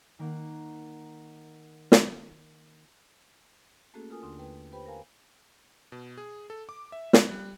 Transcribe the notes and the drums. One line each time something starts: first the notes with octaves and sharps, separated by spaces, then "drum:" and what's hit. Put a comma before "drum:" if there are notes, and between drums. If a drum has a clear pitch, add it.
D#3 A#3 A#4 F#5
drum: snare
A3 A#3 C#4 F#4 G#4 A4
F4 A4 A#4 G#5 D#6
D#2 D3 D4 C6 D#6
A3 B4 G5
G4 B4 C5 G5 B5
A#4 C5 F5 G#5 A#5
B2
G#4
A4
D6
E5
F#6, drum: snare
G3